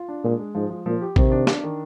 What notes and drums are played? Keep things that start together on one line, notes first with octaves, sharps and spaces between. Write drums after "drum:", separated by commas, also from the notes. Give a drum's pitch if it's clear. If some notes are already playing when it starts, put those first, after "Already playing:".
Already playing: F4
D4
A#2 G#3
G#3
G#2 F3
F3
A#2 F3
G4
C3 D#3, drum: kick A1
D4
D4, drum: snare
D#3